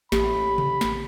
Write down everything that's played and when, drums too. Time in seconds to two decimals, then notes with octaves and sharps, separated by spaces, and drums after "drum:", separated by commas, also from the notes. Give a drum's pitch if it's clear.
0.12 A1 G4 B5, drum: snare
0.58 drum: tom C3
0.81 drum: snare